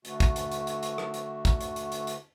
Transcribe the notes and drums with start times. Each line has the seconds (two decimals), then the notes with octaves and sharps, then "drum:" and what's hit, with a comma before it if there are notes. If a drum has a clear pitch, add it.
0.05 D3 A3 F#4, drum: hi-hat
0.20 drum: kick, hi-hat
0.36 drum: hi-hat
0.51 drum: hi-hat
0.67 drum: hi-hat
0.83 drum: hi-hat
0.98 drum: rim click
1.14 drum: hi-hat
1.45 drum: kick, hi-hat
1.61 drum: hi-hat
1.76 drum: hi-hat
1.92 drum: hi-hat
2.07 drum: hi-hat